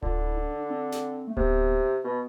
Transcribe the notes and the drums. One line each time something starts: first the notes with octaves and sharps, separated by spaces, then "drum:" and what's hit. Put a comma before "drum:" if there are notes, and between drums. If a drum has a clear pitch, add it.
D3 F4, drum: kick D1
E4
D4
D4
D4
C4
drum: snare
A3
C3 B3, drum: kick D1
B2 B3